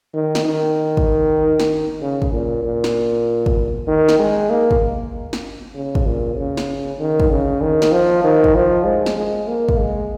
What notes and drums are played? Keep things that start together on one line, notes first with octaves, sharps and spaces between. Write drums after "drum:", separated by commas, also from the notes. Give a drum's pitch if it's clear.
D#3
drum: snare
D#3
drum: kick
drum: snare
C#3
drum: kick
A#2
A#2
drum: snare
drum: kick
D#3
drum: snare
G#3
A#3
drum: kick
drum: snare
C#3
drum: kick
A#2
C#3
drum: snare
D#3
drum: kick
C#3
D#3
drum: snare
F3
D#3
drum: kick
F3
G#3
drum: snare
G#3
A#3
drum: kick
G#3